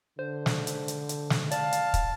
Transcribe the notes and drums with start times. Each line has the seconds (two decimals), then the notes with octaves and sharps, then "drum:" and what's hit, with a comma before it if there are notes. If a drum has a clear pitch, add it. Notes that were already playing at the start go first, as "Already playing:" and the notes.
0.19 D3 C5
0.46 drum: snare
0.67 drum: hi-hat
0.88 drum: hi-hat
1.09 drum: hi-hat
1.30 drum: snare
1.51 D5 F5 A5, drum: hi-hat
1.73 drum: hi-hat
1.94 drum: kick, hi-hat